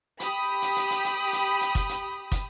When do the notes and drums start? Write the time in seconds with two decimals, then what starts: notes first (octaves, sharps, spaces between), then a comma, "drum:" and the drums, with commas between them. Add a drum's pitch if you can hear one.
0.20 G4 B5 D#6, drum: hi-hat
0.62 drum: hi-hat
0.76 drum: hi-hat
0.90 drum: hi-hat
1.04 drum: hi-hat
1.33 drum: hi-hat
1.61 drum: hi-hat
1.75 drum: kick, hi-hat
1.89 drum: hi-hat
2.32 drum: kick, hi-hat